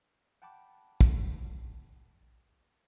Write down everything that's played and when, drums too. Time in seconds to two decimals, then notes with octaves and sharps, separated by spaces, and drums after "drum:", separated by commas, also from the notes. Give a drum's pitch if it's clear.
0.42 F#5 G5 A5 B5 D6
1.01 drum: kick